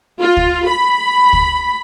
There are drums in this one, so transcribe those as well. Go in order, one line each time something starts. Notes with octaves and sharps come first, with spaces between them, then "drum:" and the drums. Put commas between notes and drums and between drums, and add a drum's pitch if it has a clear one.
F4
drum: kick
B5
drum: kick